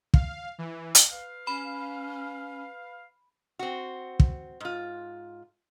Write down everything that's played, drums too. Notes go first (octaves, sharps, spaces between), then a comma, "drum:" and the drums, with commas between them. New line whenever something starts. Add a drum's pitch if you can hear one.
F5, drum: kick
E3
drum: hi-hat
B4 F5
C#4 B5
C4 F#4
drum: kick
G#2 F4